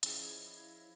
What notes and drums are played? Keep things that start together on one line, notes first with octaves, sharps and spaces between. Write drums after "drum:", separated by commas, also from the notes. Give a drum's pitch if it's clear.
F3 C#4 E4 G#4 C#5 D#5 F5, drum: hi-hat